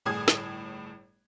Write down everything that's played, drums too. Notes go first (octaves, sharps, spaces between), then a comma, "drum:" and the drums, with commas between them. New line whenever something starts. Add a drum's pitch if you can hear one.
G1 A2 G#4 D#6 G#6
drum: snare